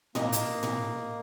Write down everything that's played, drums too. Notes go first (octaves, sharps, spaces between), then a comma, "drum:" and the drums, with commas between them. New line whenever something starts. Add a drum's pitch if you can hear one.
A#3 D#5, drum: tom A2
drum: hi-hat
drum: tom A2